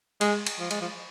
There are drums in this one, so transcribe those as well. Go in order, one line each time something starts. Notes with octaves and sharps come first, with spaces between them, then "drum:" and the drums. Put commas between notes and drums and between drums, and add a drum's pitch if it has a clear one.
G#3, drum: cymbal
drum: cymbal
F3
G#3, drum: cymbal
F3